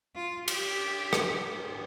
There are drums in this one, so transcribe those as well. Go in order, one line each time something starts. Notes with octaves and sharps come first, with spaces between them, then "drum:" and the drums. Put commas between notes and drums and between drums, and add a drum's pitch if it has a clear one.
F4
G4, drum: cymbal
drum: rim click